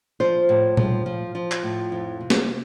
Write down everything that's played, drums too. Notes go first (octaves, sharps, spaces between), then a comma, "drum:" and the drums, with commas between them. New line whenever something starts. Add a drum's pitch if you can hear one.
F3 C5
A2
F3, drum: tom A#2
F3
F3
drum: clap
A2
F2
C3
drum: snare